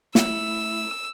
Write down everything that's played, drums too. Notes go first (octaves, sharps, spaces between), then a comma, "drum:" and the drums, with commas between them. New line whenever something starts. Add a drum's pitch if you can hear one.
A3 E4 E6, drum: snare